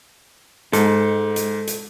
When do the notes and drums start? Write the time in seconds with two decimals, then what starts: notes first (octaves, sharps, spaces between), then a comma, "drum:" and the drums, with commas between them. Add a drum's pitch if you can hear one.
0.73 G#2 G#3 A4, drum: hi-hat
1.36 drum: hi-hat
1.67 drum: hi-hat